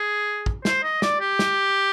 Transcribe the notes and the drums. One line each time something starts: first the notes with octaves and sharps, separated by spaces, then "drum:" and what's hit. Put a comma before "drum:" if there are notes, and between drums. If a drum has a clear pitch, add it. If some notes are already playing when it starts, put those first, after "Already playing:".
Already playing: G#4
drum: kick
C5, drum: snare
D#5
D5, drum: snare
G4
drum: snare